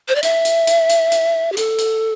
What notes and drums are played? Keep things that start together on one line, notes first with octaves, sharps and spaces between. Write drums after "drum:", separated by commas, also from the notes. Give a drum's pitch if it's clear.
C5
D5
E5, drum: hi-hat
drum: hi-hat
drum: hi-hat
drum: hi-hat
drum: hi-hat
G4
A4, drum: hi-hat
drum: hi-hat